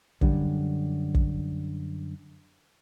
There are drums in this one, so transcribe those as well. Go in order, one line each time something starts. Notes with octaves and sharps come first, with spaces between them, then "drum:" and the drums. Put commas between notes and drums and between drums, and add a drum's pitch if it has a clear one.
F#2 D3 G3, drum: kick
drum: kick